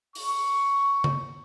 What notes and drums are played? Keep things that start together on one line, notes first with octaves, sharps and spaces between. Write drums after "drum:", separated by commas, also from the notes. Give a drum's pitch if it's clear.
C#6, drum: open hi-hat
drum: tom C#3